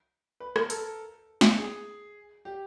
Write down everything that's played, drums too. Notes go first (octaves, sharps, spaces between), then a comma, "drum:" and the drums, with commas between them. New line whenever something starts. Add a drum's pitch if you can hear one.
B4
A#4, drum: rim click
A4, drum: hi-hat
drum: snare
G#4
G4